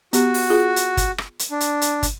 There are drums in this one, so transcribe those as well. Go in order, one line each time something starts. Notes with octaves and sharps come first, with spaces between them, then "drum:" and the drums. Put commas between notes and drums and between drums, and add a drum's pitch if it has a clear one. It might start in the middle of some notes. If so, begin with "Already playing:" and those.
B3 F#4 G4, drum: hi-hat
drum: open hi-hat
F4 G#4
drum: hi-hat
drum: kick, hi-hat
drum: rim click
drum: hi-hat
D4
drum: hi-hat
drum: hi-hat
drum: kick, hi-hat